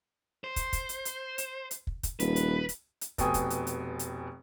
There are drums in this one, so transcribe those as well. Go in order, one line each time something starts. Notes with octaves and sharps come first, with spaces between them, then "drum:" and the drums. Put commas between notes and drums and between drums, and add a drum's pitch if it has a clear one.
C5
drum: kick, hi-hat
drum: kick, hi-hat
drum: hi-hat
drum: hi-hat
drum: hi-hat
drum: hi-hat
drum: kick
drum: kick, hi-hat
D#1 B4, drum: hi-hat
drum: hi-hat
drum: hi-hat
drum: hi-hat
F1 B2 G5 G#5 D#6, drum: kick, hi-hat
drum: kick, hi-hat
drum: hi-hat
drum: hi-hat
drum: hi-hat